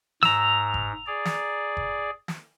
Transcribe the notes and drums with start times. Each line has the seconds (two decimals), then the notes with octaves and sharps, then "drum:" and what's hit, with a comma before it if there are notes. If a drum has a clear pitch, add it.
0.23 G#2 A#5 E6, drum: snare
0.74 drum: kick F#1
1.06 G#4 D5
1.25 drum: snare
1.77 drum: kick F#1
2.28 drum: snare